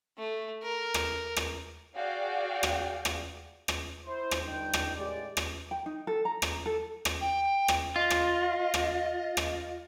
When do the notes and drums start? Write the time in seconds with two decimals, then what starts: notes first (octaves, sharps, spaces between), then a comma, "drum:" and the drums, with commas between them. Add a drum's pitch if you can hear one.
0.18 A3
0.63 A#4
0.94 drum: rim click
1.36 drum: rim click
1.95 F#4 G#4 D5 F5 G5
2.63 drum: rim click
3.05 drum: rim click
3.68 drum: rim click
4.06 E4 C5
4.31 drum: rim click
4.42 G1 G2 D#4 G5
4.73 drum: rim click
4.95 A1 G#3 G4 D5
5.37 drum: rim click
5.71 G5
5.86 D#4
6.07 A4
6.25 A#5
6.42 drum: rim click
6.66 A4
7.05 drum: rim click
7.21 G5
7.68 drum: rim click
7.96 F4 D#5
8.10 drum: rim click
8.74 drum: rim click
9.37 drum: rim click